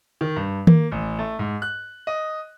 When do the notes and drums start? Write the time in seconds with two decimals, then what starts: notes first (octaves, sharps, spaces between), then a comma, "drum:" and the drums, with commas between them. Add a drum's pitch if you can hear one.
0.21 D#3
0.36 G2
0.67 A#3, drum: tom D#3
0.92 A1
1.19 A3
1.39 G#2
1.62 F#6
2.07 D#5